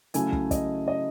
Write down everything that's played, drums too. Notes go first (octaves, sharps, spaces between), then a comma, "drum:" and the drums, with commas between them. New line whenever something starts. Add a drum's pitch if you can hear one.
C#3 F#3 A3 E4 G#5, drum: hi-hat
drum: kick
D#5, drum: kick, hi-hat
D#5